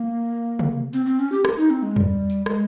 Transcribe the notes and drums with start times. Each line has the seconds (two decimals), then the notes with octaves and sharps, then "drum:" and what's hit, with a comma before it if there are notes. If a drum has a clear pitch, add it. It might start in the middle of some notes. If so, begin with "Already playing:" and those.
Already playing: A#3
0.59 drum: tom C3
0.93 C4, drum: tambourine
1.06 C4
1.19 C#4
1.32 G4
1.45 drum: rim click
1.57 D#4
1.70 C4
1.82 G#3
1.96 G3, drum: tom
2.30 drum: tambourine
2.46 G#3, drum: rim click